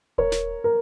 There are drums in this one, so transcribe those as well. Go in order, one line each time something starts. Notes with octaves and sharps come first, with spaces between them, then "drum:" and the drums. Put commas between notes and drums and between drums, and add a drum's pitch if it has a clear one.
A#4 C#5, drum: kick D#1
drum: snare
A#4